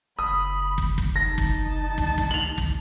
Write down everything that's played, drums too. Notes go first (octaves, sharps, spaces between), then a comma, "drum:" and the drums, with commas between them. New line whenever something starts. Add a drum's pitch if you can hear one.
F#1 B5 D#6
drum: kick
drum: kick
D#4 A5 A#6
drum: kick
D2, drum: kick
drum: kick
F7 F#7
drum: kick